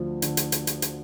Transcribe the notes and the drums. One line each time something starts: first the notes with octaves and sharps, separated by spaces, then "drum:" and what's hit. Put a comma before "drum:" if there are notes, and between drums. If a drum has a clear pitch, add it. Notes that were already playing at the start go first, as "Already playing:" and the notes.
Already playing: D2 D3 F3
D3, drum: hi-hat
drum: hi-hat
drum: hi-hat
drum: hi-hat
drum: hi-hat